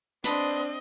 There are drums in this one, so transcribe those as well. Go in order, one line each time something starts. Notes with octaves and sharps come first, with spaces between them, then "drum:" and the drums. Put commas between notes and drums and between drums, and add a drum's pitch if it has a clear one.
C4 D4 B4 D#5 A5 C6, drum: hi-hat